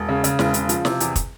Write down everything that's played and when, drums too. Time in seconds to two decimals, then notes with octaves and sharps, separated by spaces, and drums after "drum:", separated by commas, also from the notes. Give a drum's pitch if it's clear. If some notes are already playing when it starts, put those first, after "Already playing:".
Already playing: E1
0.09 C#3
0.24 C#3, drum: hi-hat
0.39 E1, drum: snare
0.54 C#3, drum: hi-hat
0.69 F3, drum: hi-hat
0.85 C3, drum: snare
1.00 E2, drum: hi-hat
1.16 drum: kick, hi-hat